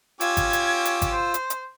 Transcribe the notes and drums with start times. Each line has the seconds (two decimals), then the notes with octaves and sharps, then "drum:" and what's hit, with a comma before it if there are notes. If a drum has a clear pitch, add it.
0.21 C#4 F4 G4 D6 E6 G#6, drum: hi-hat
0.37 drum: kick G#1, hi-hat
0.53 drum: hi-hat
0.85 drum: hi-hat
1.02 drum: kick G#1, hi-hat
1.12 C5
1.34 drum: hi-hat
1.50 drum: hi-hat